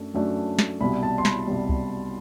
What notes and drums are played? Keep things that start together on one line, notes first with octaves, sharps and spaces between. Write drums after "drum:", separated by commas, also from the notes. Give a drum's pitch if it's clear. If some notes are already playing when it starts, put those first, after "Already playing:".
Already playing: F#2 F#3 A3 D4
F#2 F#3 A3 D4
drum: snare
C2 B2 G3 B5
A5
C6
B5, drum: snare
C2 B2 G3
drum: kick C2